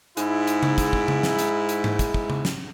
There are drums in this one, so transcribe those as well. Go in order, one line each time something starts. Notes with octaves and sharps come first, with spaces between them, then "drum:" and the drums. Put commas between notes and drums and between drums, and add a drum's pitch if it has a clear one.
G#2 E4, drum: hi-hat
drum: hi-hat
drum: tom C#3
drum: kick, hi-hat
drum: kick
drum: tom C#3
drum: snare
drum: hi-hat
drum: hi-hat
drum: tom G#2
drum: kick, hi-hat
drum: kick
drum: tom C#3
drum: snare